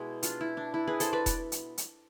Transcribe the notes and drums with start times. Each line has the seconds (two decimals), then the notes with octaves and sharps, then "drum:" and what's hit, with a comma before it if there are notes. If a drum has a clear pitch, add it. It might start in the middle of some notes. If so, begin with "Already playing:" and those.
Already playing: B2 G#3 B3 E4 G#4
0.23 D4 F4, drum: hi-hat
0.41 E4
0.57 D4
0.74 E4
0.87 G#4 B4
1.00 A4 C5, drum: hi-hat
1.13 B4 D5
1.26 drum: kick E1, hi-hat
1.52 drum: hi-hat
1.78 drum: hi-hat